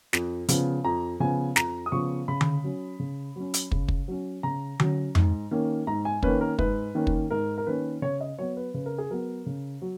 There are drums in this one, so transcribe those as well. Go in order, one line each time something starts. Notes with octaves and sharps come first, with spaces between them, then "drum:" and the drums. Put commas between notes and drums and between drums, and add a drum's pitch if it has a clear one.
F2, drum: snare
C#3 F3 B3, drum: hi-hat
F2 A#5
C#3 F3 B3 G#5
F2 A#5, drum: snare
D#6
C#3 F3 B3 C#6
C#3 B5
drum: tom D3
F#3 C#4
C#3
F#3 C#4
drum: hi-hat
C#3, drum: kick
drum: kick
F#3 C#4
C#3 A#5
F#3 C#4, drum: tom D3
G#2, drum: tom F2
D#3 A#3 C#4
G#2 A#5
G#5
D#3 A#3 C#4 B4, drum: kick
A#4
G#2 B4, drum: kick
D#3 A#3 C#4
drum: kick
G#2 A#4
A#4
D#3 A#3 C#4 B4
C#3 C#5
D#5
F#3 B3 C#5
B4
C#3 B4
A#4
G#4
F#3 B3 A#4
C#3
F#3